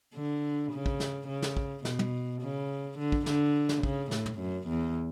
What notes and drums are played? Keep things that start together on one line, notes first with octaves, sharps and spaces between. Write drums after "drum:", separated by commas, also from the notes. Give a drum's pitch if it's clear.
D3
C#3
drum: kick
drum: snare
C#3
drum: snare
drum: kick
B2, drum: snare
drum: tom
C#3
D3
drum: kick
D3, drum: snare
drum: snare
C#3, drum: kick
A2, drum: snare
drum: tom
F#2
E2